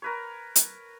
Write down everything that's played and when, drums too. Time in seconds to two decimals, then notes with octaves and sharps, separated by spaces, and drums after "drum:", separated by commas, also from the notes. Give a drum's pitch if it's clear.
0.02 A#4 B4 C#5
0.56 drum: hi-hat